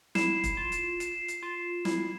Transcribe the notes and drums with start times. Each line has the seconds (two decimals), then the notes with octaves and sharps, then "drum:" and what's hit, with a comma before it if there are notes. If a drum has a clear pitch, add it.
0.15 E4 C7 E7, drum: snare
0.44 drum: kick, hi-hat
0.57 F4
0.72 drum: hi-hat
1.00 C7 E7, drum: hi-hat
1.28 drum: hi-hat
1.43 F4
1.85 E4, drum: snare